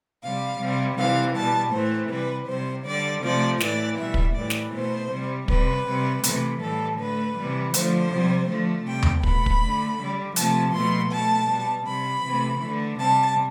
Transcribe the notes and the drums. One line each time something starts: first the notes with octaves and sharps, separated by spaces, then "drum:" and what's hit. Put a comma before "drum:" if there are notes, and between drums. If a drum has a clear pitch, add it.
C3 G3 F5
C3 G3
C3 E3 G3 F5
B2 G3 A5
A2 E3 A3 C5
C3 G3 B4
C3 G3 C5
D3 G3 D5
C3 F3 A3 D5
A2 E3 A3 D5, drum: snare
B2 G3 E5
drum: kick
A2 E3 G3 D5
drum: snare
B2 A3 C5
C3 G3
C3 G3 B4, drum: kick
C3 G3
C3 E3 A3, drum: hi-hat
A2 E3 G3 A4
D3 A3 B4
C3 E3 G3
D3 F3 A3 C5, drum: hi-hat
C3 G3
D3 F3 A3
C3 G3 G5
drum: tom D#2
B2 A3 B5, drum: kick
drum: kick
D3 A3
D3 G3
C3 F3 A3 A5, drum: hi-hat
B2 A3 C6
B2 A3 A5
B2 G3
C3 G3 B5
C3 E3 A3
D3 A3
C3 G3 A5